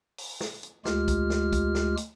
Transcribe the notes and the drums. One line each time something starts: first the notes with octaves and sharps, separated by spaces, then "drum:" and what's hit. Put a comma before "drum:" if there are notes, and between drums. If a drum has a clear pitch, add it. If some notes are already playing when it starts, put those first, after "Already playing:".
drum: open hi-hat
drum: snare
drum: hi-hat
D2 G#3 F4 G4 F6, drum: snare
drum: kick B1, hi-hat
drum: snare
drum: kick B1, hi-hat
drum: snare
drum: hi-hat